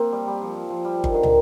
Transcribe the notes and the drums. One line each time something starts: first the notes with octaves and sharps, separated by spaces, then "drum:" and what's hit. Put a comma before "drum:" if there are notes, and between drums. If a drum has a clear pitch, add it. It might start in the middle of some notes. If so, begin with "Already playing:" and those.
Already playing: A#3 C4
G3
G3
F3
F3
F3
G3
F3
D#3, drum: kick G1
D3
D#3, drum: tom